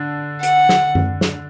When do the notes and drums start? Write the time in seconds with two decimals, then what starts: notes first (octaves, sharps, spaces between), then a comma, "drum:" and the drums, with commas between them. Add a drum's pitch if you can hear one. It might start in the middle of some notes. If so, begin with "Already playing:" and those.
Already playing: D3 D4
0.43 F#5, drum: hi-hat
0.69 drum: snare
0.95 drum: tom F#2
1.21 drum: snare